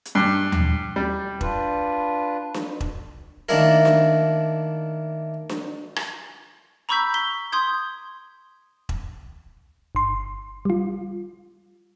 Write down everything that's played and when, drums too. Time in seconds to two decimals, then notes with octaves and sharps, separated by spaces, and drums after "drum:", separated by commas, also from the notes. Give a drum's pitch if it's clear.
0.05 drum: hi-hat
0.15 G2
0.52 drum: tom D#2
0.96 G3
1.41 D4 F4 B4, drum: kick E1
2.54 drum: snare D4
2.80 drum: kick E1
3.49 D#3 A3 A#3 D4 E4 A#4
3.85 drum: snare D4
5.49 drum: snare D4
5.96 drum: rim click
6.89 A#5 B5 C#6 E6 G6 B6
7.14 B6 G7
7.52 C6 D#6 G6 G#6
8.89 drum: kick E1
9.95 G1 C6
10.65 G3 F4